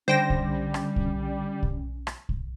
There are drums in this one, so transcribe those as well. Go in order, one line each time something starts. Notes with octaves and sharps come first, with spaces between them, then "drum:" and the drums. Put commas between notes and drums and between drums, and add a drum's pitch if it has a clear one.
D3 G3 C#4 C5 G5 A#6
drum: kick
drum: rim click
drum: kick
drum: kick
drum: rim click
drum: kick